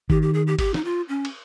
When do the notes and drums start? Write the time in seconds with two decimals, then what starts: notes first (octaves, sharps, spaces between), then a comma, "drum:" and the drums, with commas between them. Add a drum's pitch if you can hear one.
0.10 D#3 G4, drum: kick G1
0.22 G4
0.34 G#4
0.47 G4
0.59 G4, drum: kick G1, cymbal
0.74 D#4, drum: snare
0.84 F4
1.09 C#4
1.25 drum: cymbal